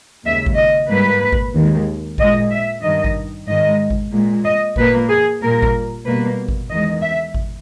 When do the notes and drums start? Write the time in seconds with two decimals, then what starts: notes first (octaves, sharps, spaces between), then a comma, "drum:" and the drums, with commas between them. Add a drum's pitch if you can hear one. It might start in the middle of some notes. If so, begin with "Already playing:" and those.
0.25 D#2 C#3 G#3 E5
0.46 drum: kick G#1
0.57 D#5
0.89 G#2 G3 A#3 B4
1.32 drum: kick G#1
1.55 D#2 D#3 G#3
2.18 A#2 G#3 D#5, drum: kick G#1
2.51 E5
2.83 G2 D#3 G3 D#5
3.04 drum: kick G#1
3.47 G#2 D#3 G#3 D#5
3.90 drum: kick G#1
4.12 A#2 G#3
4.44 D#5
4.76 A#2 A#3 B4, drum: kick G#1
5.08 G#4
5.42 A#2 G3 A#3 A#4
5.62 drum: kick G#1
6.05 B2 G3 A#3 B4
6.48 drum: kick G#1
6.70 E2 D#3 G#3 D#5
7.03 E5
7.34 drum: kick G#1